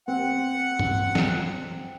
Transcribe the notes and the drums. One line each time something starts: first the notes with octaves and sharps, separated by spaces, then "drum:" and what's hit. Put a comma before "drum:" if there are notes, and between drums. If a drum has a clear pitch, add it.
C4 F#5
drum: tom G2
drum: snare